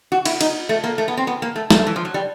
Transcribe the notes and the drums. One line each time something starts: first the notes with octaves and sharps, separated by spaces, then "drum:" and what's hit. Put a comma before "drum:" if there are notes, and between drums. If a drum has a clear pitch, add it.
F#4
E4, drum: cymbal
D#4, drum: cymbal
A3
A#3
A3
B3
C4
B3
A#3
A3
A3, drum: snare
E3
F3
F#3
G3